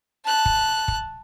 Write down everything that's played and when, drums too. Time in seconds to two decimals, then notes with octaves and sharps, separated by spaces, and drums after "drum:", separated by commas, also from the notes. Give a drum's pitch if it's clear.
0.24 A5 F#6
0.46 drum: kick
0.88 drum: kick